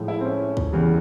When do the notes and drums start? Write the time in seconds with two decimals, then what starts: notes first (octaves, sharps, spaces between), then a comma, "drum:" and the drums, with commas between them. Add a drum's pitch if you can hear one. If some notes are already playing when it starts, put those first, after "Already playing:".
Already playing: A2 F3 G#3
0.08 E4
0.21 C4
0.25 C#4
0.57 drum: kick
0.73 E2 C#3 E3 G3